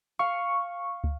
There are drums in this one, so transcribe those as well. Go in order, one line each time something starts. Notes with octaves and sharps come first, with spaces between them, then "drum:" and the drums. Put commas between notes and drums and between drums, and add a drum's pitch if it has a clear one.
F5 C#6
drum: kick